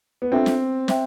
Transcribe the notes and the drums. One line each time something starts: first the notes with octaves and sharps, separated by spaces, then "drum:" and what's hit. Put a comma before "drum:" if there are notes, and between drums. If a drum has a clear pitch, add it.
B3
C4 D4 F4 A4 E5 G5
drum: snare
C5 E5 G5, drum: snare